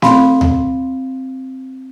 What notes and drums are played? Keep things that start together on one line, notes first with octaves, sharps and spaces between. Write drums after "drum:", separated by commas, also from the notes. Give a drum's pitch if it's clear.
C4 F5 B5 C6, drum: snare
drum: tom D2